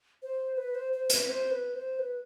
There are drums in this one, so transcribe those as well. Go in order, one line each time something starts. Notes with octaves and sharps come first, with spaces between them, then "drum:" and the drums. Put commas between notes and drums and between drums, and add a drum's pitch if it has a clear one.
C5
B4
C5
C5
B4, drum: hi-hat
C5
B4
C5
B4